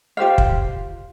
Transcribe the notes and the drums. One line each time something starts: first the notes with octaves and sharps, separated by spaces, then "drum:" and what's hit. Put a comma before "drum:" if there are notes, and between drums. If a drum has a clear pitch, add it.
F4 G4 C5 F5
drum: kick